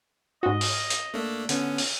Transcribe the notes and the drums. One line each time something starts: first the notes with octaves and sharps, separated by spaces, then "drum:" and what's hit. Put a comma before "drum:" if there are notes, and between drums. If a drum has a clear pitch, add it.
G#2 F#4 D#5
drum: open hi-hat
drum: hi-hat
A3 A#3 D4
D3 B3 C#4, drum: hi-hat
drum: open hi-hat